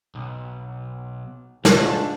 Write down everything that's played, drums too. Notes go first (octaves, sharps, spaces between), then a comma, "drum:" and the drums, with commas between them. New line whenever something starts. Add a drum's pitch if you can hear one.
B1
G#2 A3 D4 F4, drum: snare